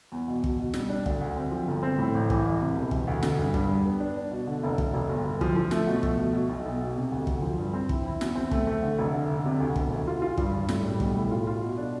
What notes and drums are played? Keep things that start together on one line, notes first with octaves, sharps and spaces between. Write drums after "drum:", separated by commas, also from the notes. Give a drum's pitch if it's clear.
E2
B2
B2, drum: kick
B2
G3, drum: snare
D4
D2, drum: kick
D2
C4
F3
G1
C4
A2
A1
E3, drum: kick
A1
C3
E1
E1, drum: kick
D2
D3, drum: snare
G2
G2, drum: kick
G3
B3
D4
D4
B2
D3
F1
F1, drum: kick
F1
G1
G1
F3, drum: kick
F3
A3, drum: snare
B2
A3, drum: kick
B2
B2
B1
B1
B2
C3
D2
D2, drum: kick
F3
G2
C4
E4, drum: kick
E4
E2, drum: snare
C4
A3, drum: kick
A3
D3
F1
D3
D3
C3
D2
E1, drum: kick
D2
F4
F4
G2, drum: kick
G2
A2, drum: snare
G3
B1, drum: kick
A2
F4
F4
B2
D4